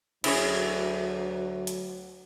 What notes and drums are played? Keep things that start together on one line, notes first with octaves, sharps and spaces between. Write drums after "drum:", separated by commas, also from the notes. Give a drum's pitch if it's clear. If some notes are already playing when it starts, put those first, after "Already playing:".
D2 D3 F#3 C#4 E4 G#4 C#5, drum: cymbal
drum: hi-hat